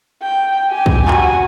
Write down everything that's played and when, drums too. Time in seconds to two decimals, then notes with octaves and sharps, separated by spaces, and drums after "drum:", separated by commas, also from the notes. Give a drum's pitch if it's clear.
0.23 G5
0.70 G4 G#5
0.86 drum: kick
1.08 F#4 G#5, drum: clap